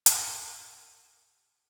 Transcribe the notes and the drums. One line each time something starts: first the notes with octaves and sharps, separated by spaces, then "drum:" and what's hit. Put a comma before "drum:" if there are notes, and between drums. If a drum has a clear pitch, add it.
drum: hi-hat
G4